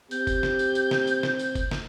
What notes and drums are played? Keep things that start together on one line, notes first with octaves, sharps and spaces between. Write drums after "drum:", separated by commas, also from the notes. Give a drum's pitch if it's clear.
C4 G4 G6, drum: tambourine
drum: kick F#1, tambourine
drum: snare
drum: tambourine
drum: tambourine
drum: snare
drum: tambourine
drum: snare
drum: tambourine
drum: kick F#1, tambourine
drum: snare